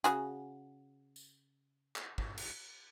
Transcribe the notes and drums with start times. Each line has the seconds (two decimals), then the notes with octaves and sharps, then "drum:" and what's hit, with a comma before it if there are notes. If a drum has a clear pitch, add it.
0.04 C#3 F#4 G#4, drum: hi-hat
1.16 drum: tambourine
1.96 drum: clap
2.18 drum: kick
2.38 drum: cymbal